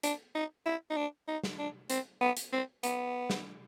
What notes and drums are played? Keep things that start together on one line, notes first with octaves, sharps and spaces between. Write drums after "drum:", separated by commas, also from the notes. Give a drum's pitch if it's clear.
D4, drum: hi-hat
D#4
E4
D#4
D4
D#4
drum: snare
D4
C4, drum: hi-hat
B3
drum: hi-hat
C4
B3, drum: hi-hat
drum: snare